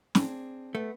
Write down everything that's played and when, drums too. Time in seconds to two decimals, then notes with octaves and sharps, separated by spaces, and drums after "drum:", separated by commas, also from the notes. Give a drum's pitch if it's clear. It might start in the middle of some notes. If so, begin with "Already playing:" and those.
0.15 C4 D4 G#4, drum: snare
0.75 A3 B3